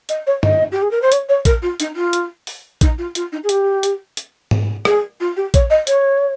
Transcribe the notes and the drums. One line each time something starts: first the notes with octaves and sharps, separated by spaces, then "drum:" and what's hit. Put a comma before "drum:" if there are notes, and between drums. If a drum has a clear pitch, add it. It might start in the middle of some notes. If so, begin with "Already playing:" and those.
D#5, drum: hi-hat
C#5
D#5, drum: tom G2
G4
G#4
A#4
C5
C#5, drum: hi-hat
C#5
A#4, drum: kick A#1, hi-hat
F4
D#4, drum: hi-hat
F4
drum: hi-hat
drum: open hi-hat
D#4, drum: kick A#1, hi-hat
F4
F4, drum: hi-hat
D#4
G#4
G4, drum: hi-hat
drum: hi-hat
drum: hi-hat
drum: tom G#2
G#4, drum: rim click
F4
G4
C#5, drum: kick A#1, hi-hat
D#5
C#5, drum: hi-hat